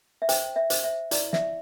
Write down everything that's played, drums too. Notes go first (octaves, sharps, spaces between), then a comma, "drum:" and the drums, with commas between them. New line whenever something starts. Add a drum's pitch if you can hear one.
E5
C5 G5, drum: hi-hat
E5
C5, drum: hi-hat
E5
E4 D5, drum: hi-hat
E5, drum: snare